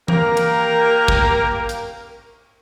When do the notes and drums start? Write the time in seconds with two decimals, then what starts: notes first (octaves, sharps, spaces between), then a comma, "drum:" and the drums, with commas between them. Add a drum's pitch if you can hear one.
0.08 A#3 G4 A#4, drum: tom E3
0.37 drum: cymbal
1.08 drum: kick
1.69 drum: hi-hat